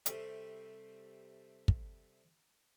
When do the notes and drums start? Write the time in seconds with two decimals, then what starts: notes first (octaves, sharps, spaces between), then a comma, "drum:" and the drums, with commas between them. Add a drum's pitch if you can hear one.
0.06 C3 G3 A3, drum: hi-hat
1.68 drum: kick